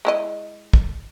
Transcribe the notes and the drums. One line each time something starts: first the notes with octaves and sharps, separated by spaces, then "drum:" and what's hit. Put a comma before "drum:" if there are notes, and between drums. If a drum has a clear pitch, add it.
G#3 E4 D#5
drum: kick